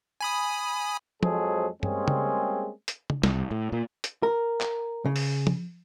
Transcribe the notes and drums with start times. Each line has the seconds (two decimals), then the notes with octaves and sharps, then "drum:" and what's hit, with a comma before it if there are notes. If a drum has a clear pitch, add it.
0.21 G#5 B5 D#6
1.23 F2 F#3 G#3 G#4 A4 C5, drum: tom
1.83 G3 G#3 A#3 C4 C#4 G#4, drum: tom
2.08 drum: tom
2.88 drum: hi-hat
3.10 drum: tom
3.23 C2, drum: snare
3.51 A2
3.72 A#2
4.04 drum: hi-hat
4.23 A#4
4.61 drum: clap
5.05 C#3
5.16 drum: open hi-hat
5.47 drum: tom